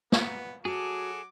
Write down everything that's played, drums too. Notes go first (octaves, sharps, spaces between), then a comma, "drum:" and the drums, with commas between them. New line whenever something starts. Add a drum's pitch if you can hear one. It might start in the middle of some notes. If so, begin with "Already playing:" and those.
B3, drum: snare
F#3 F#4 G#4 A4 D6